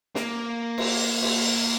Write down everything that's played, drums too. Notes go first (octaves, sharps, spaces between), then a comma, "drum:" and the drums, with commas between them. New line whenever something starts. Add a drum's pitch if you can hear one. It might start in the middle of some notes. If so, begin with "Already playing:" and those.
A#3, drum: snare
drum: cymbal
drum: cymbal